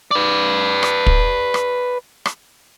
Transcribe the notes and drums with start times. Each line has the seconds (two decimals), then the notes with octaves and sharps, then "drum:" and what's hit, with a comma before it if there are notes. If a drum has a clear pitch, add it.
0.11 B4 D5
0.83 drum: rim click
1.06 drum: kick
1.54 drum: rim click
2.26 drum: rim click